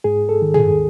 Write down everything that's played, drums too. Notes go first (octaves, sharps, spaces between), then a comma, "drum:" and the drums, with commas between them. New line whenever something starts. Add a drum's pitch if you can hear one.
G#2 G#4
A4
D#3
G#4, drum: tom